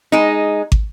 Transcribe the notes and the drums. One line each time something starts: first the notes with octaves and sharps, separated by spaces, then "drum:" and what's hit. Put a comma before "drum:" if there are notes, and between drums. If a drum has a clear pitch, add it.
G#3 D#4
drum: kick